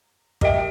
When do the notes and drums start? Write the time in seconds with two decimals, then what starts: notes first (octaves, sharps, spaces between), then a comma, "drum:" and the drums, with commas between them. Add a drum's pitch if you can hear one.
0.41 G4 A#4 D#5 E5 G5, drum: kick